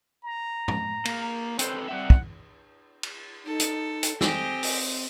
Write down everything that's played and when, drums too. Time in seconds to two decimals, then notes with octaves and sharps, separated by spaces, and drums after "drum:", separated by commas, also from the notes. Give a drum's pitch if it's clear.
0.24 A#5
0.68 drum: tom
1.05 A#3, drum: cymbal
1.59 C4 A4 B4 C5, drum: hi-hat
1.88 G3 C4 E5 F#5
2.10 drum: kick
3.03 drum: cymbal
3.45 D#4 A4
3.60 drum: hi-hat
4.03 drum: hi-hat
4.21 C4 G4 D#5 G#5, drum: snare
4.63 drum: open hi-hat